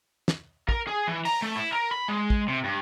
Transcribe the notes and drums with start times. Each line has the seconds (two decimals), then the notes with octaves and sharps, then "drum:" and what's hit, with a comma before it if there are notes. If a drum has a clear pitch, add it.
0.28 drum: snare
0.69 A#4, drum: kick
0.87 G#4
1.07 E3
1.25 A#5, drum: open hi-hat
1.42 A3
1.56 E4
1.72 A#4
1.91 B5
2.08 G#3
2.30 drum: kick
2.48 C3
2.64 G2